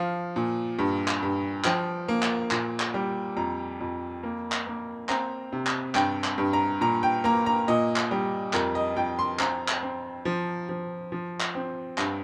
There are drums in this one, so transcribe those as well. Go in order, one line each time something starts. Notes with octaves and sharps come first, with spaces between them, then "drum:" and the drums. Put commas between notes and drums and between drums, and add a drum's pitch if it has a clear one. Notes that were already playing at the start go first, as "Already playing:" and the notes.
Already playing: F3 F5
A#2
G2
drum: clap
G2
F3 G5, drum: clap
A#3
drum: clap
A#2, drum: clap
drum: clap
G3
F2 A#5
F2
A#3
drum: clap
A#3
C4 A#5, drum: clap
C3
drum: clap
G2 G5, drum: clap
drum: clap
G2
A#5
A#2 A#5
G5
A#3 A#5
A#5
A#2 D#5
drum: clap
G3
F2 A#4, drum: clap
D#5
F2 G5
C6
C4 A#5, drum: clap
drum: clap
C4
F3
F3
F3
drum: clap
C4
G2, drum: clap